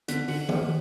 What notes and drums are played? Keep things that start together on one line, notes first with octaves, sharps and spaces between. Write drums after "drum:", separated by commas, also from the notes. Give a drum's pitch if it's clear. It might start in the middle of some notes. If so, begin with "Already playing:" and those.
D3 B3, drum: hi-hat
D3 F#4, drum: open hi-hat
drum: tom D#3